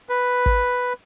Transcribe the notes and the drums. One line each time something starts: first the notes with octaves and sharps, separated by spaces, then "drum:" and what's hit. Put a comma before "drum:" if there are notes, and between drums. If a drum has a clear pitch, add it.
B4
drum: kick